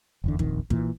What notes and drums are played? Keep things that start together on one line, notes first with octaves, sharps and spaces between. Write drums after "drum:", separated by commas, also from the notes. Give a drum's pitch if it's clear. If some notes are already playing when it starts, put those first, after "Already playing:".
F#1 E2 D3
D#1 A#1 F2 D#3, drum: kick
A#2 E3, drum: kick